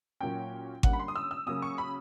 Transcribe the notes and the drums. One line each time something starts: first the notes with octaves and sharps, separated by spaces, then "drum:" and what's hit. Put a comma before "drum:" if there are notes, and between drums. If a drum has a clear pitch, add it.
A#2 F#3 A#3 C#4 G5
D3 G3 A#3 C#4 F#5, drum: kick G#1
B5
C6
D#6
E6
E6
C#3 F#3 A#3 C#4 D#6
C#6
B5